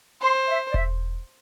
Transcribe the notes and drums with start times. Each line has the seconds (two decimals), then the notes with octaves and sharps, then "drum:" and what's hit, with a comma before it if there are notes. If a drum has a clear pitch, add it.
0.21 C5 C6
0.47 E5
0.70 D5
0.74 E5, drum: kick E1